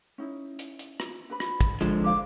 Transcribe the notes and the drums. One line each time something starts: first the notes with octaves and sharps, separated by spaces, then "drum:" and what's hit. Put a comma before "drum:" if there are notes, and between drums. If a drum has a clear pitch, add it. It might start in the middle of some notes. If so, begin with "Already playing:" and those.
C#4 D#4 E4
drum: hi-hat
drum: hi-hat
drum: rim click
D4 B4 B5
drum: rim click
drum: kick, hi-hat
D3 F3 G#3, drum: hi-hat
C5 F5 D6